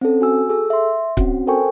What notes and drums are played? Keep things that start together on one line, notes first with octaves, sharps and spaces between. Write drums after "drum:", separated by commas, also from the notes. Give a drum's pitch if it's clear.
C4 C#4 A4
F#4 G#5 E6
G#4 A4 E6
E5 C6
C4 C#4 F#4, drum: kick C#1
A4 A#4 C5 G5 G#5 C#6